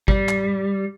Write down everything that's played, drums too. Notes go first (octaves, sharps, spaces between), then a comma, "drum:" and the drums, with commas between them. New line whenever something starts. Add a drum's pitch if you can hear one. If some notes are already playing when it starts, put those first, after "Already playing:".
G3, drum: kick G#1
drum: clap